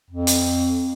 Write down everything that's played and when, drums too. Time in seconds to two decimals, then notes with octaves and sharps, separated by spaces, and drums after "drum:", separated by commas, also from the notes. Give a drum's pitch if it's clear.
0.10 F2
0.27 drum: hi-hat